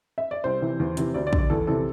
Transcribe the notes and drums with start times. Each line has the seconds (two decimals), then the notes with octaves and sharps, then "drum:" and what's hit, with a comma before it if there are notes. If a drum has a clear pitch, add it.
0.18 E5
0.31 D5
0.44 C2 C5
0.62 C3 E3
0.80 E2
0.97 C3 E3, drum: hi-hat
1.14 D2 D5
1.27 D5
1.33 D3, drum: kick
1.38 D5
1.50 E2 A4
1.67 C3 E3 A4